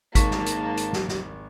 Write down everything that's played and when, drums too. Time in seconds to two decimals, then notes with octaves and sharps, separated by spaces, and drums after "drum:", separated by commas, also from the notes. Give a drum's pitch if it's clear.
0.15 G#1 G#2 A#3 A5 C#6 B6, drum: kick G#1, hi-hat
0.31 drum: snare
0.46 drum: hi-hat
0.77 drum: hi-hat
0.93 drum: snare
1.08 drum: snare